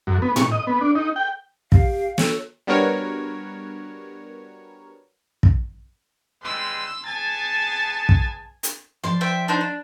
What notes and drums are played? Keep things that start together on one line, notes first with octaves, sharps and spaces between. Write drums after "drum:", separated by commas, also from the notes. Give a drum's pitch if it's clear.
F#2
B3
C#6, drum: tom A2
D#5
B3
D4
D#4
G5
G4 F5, drum: kick
A4 C#5, drum: snare
G3 B3 D4 F#4 A#4 C#5
drum: kick
G3 G#3 B4 C6 E6
B3 G#4 G#5 A5 A6
drum: kick
drum: hi-hat
F3 D5 C6
C5 E5 G5
D4 D#4 C5
D4